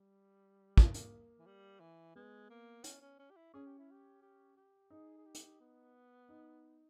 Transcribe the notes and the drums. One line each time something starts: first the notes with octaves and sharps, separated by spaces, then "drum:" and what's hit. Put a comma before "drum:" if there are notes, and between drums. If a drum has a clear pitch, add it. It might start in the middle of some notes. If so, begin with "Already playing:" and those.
Already playing: G3
A#3, drum: kick
A#3, drum: hi-hat
E3
G3
E3
G#3 B3
A#3
C#4, drum: hi-hat
C#4
C#4
G4
E4
C#4 G#4
G4
E4
G4
G4
G4
D#4 G#4
G#4
G4
drum: hi-hat
B3
D#4